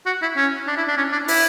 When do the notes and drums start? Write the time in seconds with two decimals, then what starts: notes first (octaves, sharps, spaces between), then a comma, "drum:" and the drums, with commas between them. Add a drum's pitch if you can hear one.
0.06 F#4
0.22 E4
0.36 C#4
0.67 D4
0.77 E4
0.88 D4
0.97 C#4
1.12 D4
1.28 E4, drum: open hi-hat